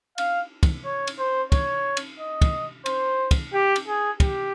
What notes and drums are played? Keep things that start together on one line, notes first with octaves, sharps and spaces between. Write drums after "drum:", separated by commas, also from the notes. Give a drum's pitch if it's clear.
F5, drum: cymbal
drum: kick, cymbal
C#5
drum: cymbal
C5
C#5, drum: kick, cymbal
drum: cymbal
D#5
drum: kick, cymbal
C5, drum: cymbal
drum: kick, cymbal
G4
drum: cymbal
G#4
G4, drum: kick, cymbal